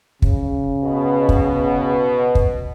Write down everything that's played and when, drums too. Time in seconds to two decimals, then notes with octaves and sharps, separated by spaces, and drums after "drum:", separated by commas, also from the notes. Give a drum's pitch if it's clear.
0.22 C#3, drum: kick
0.82 B2
1.29 drum: kick
2.35 drum: kick